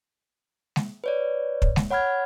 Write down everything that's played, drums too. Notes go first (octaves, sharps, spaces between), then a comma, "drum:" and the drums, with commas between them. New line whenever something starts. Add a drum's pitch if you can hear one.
drum: snare G#3
B4 C#5 D5
drum: kick
drum: snare G#3
C#5 F#5 B5 F6 G#6